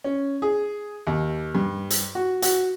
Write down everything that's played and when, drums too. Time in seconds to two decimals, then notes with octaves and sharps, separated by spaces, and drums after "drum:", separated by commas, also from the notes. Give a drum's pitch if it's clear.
0.04 C#4
0.42 G#4
1.07 D#2
1.55 G2
1.90 drum: hi-hat
2.15 F#4
2.42 F#4, drum: hi-hat